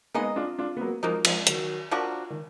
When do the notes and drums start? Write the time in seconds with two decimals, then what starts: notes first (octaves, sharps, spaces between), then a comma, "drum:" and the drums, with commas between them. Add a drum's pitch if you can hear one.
0.14 G#3 A#3 B3 D#4 G#4 D#5
0.36 D4 F4
0.59 D4 F4
0.77 B3
0.81 F#3 A#3
1.03 F3 F#3 G#3 A#3 D#4
1.25 F3 G#3, drum: cymbal
1.47 D#3 F#3, drum: hi-hat
1.91 F3 A#3 D4 F#4
2.30 D#3